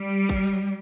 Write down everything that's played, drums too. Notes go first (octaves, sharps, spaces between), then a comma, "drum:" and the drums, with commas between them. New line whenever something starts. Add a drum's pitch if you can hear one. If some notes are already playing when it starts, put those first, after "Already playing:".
Already playing: G3
drum: kick
drum: hi-hat